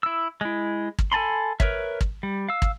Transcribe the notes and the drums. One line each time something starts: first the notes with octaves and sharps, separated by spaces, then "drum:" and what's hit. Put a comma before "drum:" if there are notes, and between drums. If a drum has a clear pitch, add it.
E4 E6
G#3 E4
drum: kick
A4 G#5 A5 B5 C6
A#4 B4 C#5 E5, drum: kick
drum: kick
G3
F5 E6
drum: kick